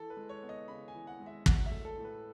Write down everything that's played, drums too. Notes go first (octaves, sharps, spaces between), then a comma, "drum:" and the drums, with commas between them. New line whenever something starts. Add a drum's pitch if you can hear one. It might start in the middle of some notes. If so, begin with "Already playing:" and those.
Already playing: E3 A4
B4
G#3
C#5
B3
D#5
C#3 B5
G#5
E3
F#5
G#3
E5
F#3 F#5, drum: kick
E5
A3
A4
A2
B4